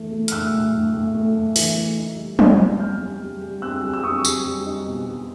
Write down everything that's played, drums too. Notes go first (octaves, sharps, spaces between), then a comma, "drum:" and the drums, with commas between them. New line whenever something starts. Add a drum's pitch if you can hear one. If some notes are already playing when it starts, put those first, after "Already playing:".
Already playing: A2 E3 A3
A3
F6, drum: hi-hat
A2 E6 F#6
A2
A2
A2
A3
A2
E3, drum: open hi-hat
A3
D#4
G3
B2, drum: tom F3
C4
D#4 F6 G6
G3
G3
G3
C4 E6 F#6
G3
E6
C4 C#6 D#6
G3, drum: tambourine
G3
D#4
B2
G3